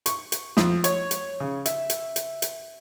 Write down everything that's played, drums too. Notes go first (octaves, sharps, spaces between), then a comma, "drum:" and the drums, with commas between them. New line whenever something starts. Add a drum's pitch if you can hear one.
C#6, drum: hi-hat
drum: hi-hat
F2, drum: snare
C#5, drum: hi-hat
drum: hi-hat
C#3
E5, drum: hi-hat
drum: hi-hat
drum: hi-hat
drum: hi-hat